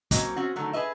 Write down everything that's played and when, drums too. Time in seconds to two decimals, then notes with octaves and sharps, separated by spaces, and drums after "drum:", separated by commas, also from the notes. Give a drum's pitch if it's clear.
0.11 F#3 A#3 C4 C#4 D#5, drum: kick, hi-hat
0.36 C4 C#4 F#4
0.56 D3 D#3 F#3 A3
0.73 G#4 B4 D#5 E5